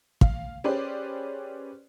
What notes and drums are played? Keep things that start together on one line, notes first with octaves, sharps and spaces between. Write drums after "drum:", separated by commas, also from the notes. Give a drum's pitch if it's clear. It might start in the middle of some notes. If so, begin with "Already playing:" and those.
F5, drum: kick
C#4 G4 G#4 B4 C5 D5